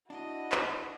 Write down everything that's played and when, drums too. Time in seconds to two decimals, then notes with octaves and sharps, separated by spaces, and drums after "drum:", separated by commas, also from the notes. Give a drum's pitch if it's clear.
0.10 D4 E4 F#4 D#5
0.52 drum: clap